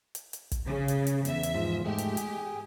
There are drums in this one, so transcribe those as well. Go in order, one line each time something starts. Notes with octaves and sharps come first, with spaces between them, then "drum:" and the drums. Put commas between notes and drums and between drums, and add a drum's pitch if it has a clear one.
drum: hi-hat
drum: hi-hat
drum: kick, hi-hat
C#3
drum: hi-hat
drum: hi-hat
E2 E5, drum: hi-hat
drum: hi-hat
G#2 F3
G#2 G#3 A3 G4
drum: hi-hat
G#4, drum: hi-hat